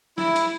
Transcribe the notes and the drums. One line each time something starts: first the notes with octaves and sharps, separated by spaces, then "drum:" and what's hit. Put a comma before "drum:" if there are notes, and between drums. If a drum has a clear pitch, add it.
E4, drum: snare
drum: hi-hat